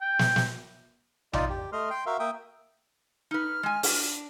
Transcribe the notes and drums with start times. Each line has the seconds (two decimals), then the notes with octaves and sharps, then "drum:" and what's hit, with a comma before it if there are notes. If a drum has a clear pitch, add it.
0.01 G5
0.19 drum: snare
0.36 drum: snare
1.33 D#4 F4 D5, drum: tom A#1
1.49 G4
1.72 A3 D#5 C6 F6
1.90 G5 C6
2.06 F#4 A#4 E5 F5
2.20 A#3 E5 G5 D#6
3.31 D#4 B4 F6
3.63 G#3 G#5
3.83 D4, drum: open hi-hat